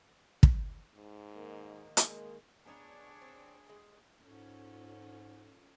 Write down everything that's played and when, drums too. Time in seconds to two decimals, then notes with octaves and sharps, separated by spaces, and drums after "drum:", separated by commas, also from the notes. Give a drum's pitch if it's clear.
0.43 drum: kick
0.95 G#2
1.32 D#3 A#3
1.97 G#3, drum: hi-hat
2.66 B3 D4 D#4 G#4 C#5
3.22 C4
3.67 G#3 G5
4.22 G#2 C#4 F4 A4